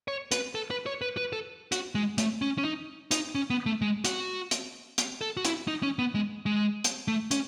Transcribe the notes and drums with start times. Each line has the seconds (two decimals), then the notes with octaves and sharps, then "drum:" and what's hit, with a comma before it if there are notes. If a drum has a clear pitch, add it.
0.08 C#5
0.31 B4, drum: hi-hat
0.55 A4
0.71 B4
0.86 C#5
1.01 B4
1.17 B4
1.33 A4
1.72 F#4, drum: hi-hat
1.95 G#3
2.18 A3, drum: hi-hat
2.42 C#4
2.58 C#4
2.65 D#4
3.11 D#4, drum: hi-hat
3.35 C#4
3.50 B3
3.66 A3
3.81 G#3
4.05 F#4, drum: hi-hat
4.51 drum: hi-hat
4.98 drum: hi-hat
5.21 A4
5.37 F#4
5.45 E4, drum: hi-hat
5.68 D#4
5.83 C#4
5.99 B3
6.15 G#3
6.46 G#3
6.84 drum: hi-hat
7.08 A3
7.31 C#4, drum: hi-hat